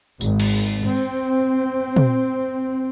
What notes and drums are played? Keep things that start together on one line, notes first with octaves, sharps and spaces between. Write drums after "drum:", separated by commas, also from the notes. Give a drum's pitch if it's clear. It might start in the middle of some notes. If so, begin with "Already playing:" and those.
G#1, drum: tambourine
drum: cymbal
C4
drum: tom